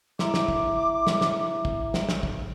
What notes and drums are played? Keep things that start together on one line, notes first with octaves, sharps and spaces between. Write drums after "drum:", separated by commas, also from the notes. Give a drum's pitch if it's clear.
E4 E5 A#5 D6, drum: snare
drum: snare
drum: kick
drum: snare
drum: snare
drum: kick
drum: snare
drum: snare
drum: kick